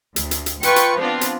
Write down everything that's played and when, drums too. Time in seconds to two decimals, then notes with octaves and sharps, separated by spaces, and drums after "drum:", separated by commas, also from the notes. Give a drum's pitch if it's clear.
0.16 D2, drum: hi-hat
0.31 drum: hi-hat
0.46 drum: hi-hat
0.63 F4 B4 G5 C#6 C#7, drum: hi-hat
0.76 drum: hi-hat
0.98 F3 B3 C4 D4 F4
1.21 drum: hi-hat